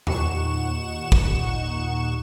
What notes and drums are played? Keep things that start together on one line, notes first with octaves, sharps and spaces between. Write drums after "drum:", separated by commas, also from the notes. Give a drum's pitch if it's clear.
D#2 A#2 D#4 F#5 C#6 E7, drum: tom E2
drum: kick